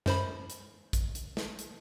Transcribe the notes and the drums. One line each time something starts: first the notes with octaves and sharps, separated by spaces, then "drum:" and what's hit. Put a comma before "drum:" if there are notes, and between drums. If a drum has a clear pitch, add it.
F#2 C5 B5, drum: snare
drum: hi-hat
drum: kick, hi-hat
drum: hi-hat
drum: snare
drum: hi-hat